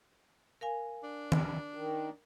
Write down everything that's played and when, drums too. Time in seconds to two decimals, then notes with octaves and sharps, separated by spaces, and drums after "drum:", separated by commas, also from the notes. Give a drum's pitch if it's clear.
0.61 A#4 F5 G#5
1.03 D4
1.32 drum: tom D#3
1.74 D#3